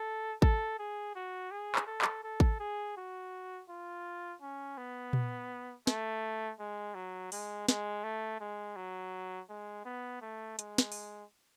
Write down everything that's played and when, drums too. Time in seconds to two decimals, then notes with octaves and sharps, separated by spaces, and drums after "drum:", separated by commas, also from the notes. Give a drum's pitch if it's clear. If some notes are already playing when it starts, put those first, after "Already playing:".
Already playing: A4
0.42 A4, drum: kick G#1
0.79 G#4
1.15 F#4
1.51 G#4
1.75 drum: clap
1.87 A4
2.02 drum: clap
2.24 A4
2.40 drum: kick G#1
2.60 G#4
2.97 F#4
3.69 F4
4.42 C#4
4.78 B3
5.13 drum: tom A#2
5.87 A3, drum: snare
6.60 G#3
6.95 F#3
7.32 G#3, drum: open hi-hat
7.68 G#3, drum: snare
8.04 A3
8.40 G#3
8.76 F#3
9.49 G#3
9.85 B3
10.22 A3
10.59 G#3, drum: hi-hat
10.78 drum: snare
10.92 drum: open hi-hat